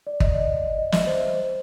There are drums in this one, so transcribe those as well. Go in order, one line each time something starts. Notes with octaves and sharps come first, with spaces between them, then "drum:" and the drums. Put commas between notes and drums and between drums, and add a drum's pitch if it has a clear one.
D5
D#5, drum: kick
D5
D#5
E5, drum: snare
C5
C5